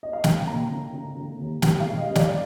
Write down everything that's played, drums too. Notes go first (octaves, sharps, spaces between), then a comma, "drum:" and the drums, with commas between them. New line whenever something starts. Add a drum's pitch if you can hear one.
D#5
F5
D3 G5, drum: snare
A#3 A#5
D3
D3
D3
D#2
G2 G5, drum: snare
F5
G#3
D#5
G2
D5, drum: snare